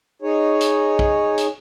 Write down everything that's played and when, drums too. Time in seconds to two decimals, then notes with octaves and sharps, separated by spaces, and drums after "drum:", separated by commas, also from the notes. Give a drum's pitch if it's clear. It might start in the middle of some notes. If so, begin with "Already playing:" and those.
0.22 D#4 G#4 C#5
0.61 drum: hi-hat
0.99 drum: kick
1.38 drum: hi-hat